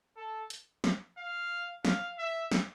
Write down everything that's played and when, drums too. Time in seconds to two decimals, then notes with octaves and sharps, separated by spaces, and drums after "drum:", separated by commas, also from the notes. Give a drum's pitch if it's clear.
0.17 A4
0.50 drum: hi-hat
0.84 drum: snare
1.18 F5
1.85 F5, drum: snare
2.18 E5
2.52 drum: snare